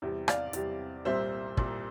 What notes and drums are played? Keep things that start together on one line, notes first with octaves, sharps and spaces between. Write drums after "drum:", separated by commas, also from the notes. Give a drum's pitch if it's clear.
E2 C3 G3
D5 F5, drum: rim click
E2 C3 G3, drum: hi-hat
C2 A#2 G3 C5 E5
C2 A#2 G3, drum: kick